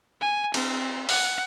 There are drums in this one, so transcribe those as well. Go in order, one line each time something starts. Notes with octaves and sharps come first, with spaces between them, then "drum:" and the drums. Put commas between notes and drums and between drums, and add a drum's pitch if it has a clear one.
G#5
C4, drum: cymbal
F#5, drum: open hi-hat